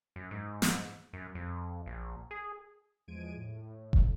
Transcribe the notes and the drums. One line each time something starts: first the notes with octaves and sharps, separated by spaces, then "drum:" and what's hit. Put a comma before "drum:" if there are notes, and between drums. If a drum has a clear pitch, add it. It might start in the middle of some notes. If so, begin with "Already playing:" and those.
F#2
G#2
drum: snare
F#2
F2
A#1
G#4
E2 F3 G#3 G#6 D7 D#7
A2
drum: kick E1